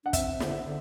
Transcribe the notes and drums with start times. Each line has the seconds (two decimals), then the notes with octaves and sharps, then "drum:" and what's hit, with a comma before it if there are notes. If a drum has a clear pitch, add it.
0.04 D4 F#5
0.13 C4 E5, drum: kick, hi-hat
0.40 D3, drum: snare
0.65 D3